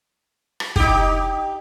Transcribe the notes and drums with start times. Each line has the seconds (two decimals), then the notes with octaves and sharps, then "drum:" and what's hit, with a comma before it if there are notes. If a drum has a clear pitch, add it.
0.60 drum: rim click
0.76 D#4 G4, drum: kick